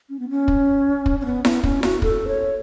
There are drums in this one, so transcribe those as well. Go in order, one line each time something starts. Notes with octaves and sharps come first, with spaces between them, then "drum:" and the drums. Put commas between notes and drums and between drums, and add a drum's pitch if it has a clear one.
C#4
B3
C#4
drum: kick
drum: kick
C#4
B3
B3, drum: snare E4
C#4, drum: kick
F#4, drum: snare E4
A4, drum: kick
C#5